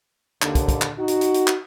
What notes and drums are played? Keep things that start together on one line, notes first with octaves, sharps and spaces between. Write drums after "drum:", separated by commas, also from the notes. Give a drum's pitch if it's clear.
D#2 D3, drum: clap
drum: kick, hi-hat
drum: kick, hi-hat
drum: clap
D#4 F#4
drum: hi-hat
drum: hi-hat
drum: hi-hat
drum: clap